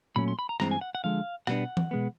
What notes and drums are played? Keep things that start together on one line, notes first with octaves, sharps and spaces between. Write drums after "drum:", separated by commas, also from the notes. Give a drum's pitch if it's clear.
A#2 F#3 A3 C#4 B5
C6
B5
A#5
G2 E3 G#3 C4 A#5, drum: rim click
G#5
F#5
F#5
D3 F3 G#3 F5
B2 G3 B3 D4 F#5, drum: rim click
drum: tom E3
B2 G#3 B3